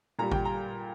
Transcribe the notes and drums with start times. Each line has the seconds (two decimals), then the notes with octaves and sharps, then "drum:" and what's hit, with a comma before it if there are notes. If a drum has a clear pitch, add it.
0.19 A#2 G3 A#5
0.32 G5, drum: kick G#1
0.45 A#5